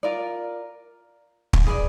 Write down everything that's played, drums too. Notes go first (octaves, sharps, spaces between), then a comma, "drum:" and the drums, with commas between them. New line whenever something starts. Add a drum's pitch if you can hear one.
F4 A#4 D5
drum: kick
G#4 B4 D5